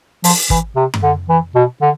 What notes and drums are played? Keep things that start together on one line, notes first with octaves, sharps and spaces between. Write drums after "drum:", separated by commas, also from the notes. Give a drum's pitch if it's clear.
F3, drum: open hi-hat
E3, drum: kick
C3
drum: tom F#2
D3
E3
B2
D3